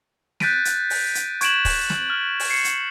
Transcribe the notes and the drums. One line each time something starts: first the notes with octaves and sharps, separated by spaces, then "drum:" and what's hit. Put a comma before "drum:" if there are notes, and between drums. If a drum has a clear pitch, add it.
F#6 G6 A6 B6 D7 D#7, drum: snare
drum: hi-hat
drum: open hi-hat
drum: hi-hat
C#6 G#6 D7 E7 F#7, drum: hi-hat
drum: kick, open hi-hat
drum: snare
F6
drum: open hi-hat
C7 C#7
drum: hi-hat